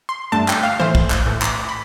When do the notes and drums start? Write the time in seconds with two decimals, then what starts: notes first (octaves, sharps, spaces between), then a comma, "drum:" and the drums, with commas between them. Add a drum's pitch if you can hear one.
0.09 C6
0.32 G2 D3 A3 D4 A5
0.48 G5, drum: clap
0.63 F5
0.79 A2 E3 A3 C5
0.95 drum: kick
1.10 drum: clap
1.26 A2 E3 A3
1.42 drum: clap
1.69 B5